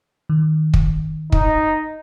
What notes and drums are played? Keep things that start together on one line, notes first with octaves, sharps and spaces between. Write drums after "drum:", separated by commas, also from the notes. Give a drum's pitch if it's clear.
D#3
drum: kick
D#4, drum: kick